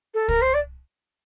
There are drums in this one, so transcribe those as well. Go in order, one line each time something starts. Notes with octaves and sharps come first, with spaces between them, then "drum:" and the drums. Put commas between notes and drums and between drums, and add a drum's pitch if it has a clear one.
A4
A#4, drum: kick
C5
D5